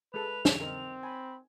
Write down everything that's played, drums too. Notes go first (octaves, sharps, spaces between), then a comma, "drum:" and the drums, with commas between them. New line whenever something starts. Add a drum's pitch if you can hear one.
G#3 A4 B4 F7
drum: snare
C4 D#4 A#4
G#5 B5